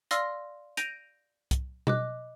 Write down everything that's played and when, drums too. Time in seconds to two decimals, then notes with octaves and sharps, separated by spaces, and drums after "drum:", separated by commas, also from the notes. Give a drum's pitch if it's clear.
0.11 D5 F5 C6 E6 F6 A#6, drum: hi-hat
0.77 G6 A#6 D7 D#7 F7, drum: hi-hat
1.51 drum: kick, hi-hat
1.87 D#5 D6 F#6, drum: tom B2